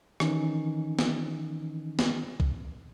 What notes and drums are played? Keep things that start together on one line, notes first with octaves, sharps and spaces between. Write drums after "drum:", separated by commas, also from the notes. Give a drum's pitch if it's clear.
D#3 E3 C#4 D#4, drum: rim click
drum: snare B3
drum: snare B3
drum: kick B1